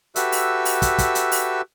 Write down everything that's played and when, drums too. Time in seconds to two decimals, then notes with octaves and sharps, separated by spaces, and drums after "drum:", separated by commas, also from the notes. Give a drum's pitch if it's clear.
0.16 F#4 G4 A4 B4 E5 E6, drum: hi-hat
0.32 drum: open hi-hat
0.65 drum: open hi-hat
0.82 drum: kick, hi-hat
0.98 drum: kick, hi-hat
1.15 drum: hi-hat
1.32 drum: open hi-hat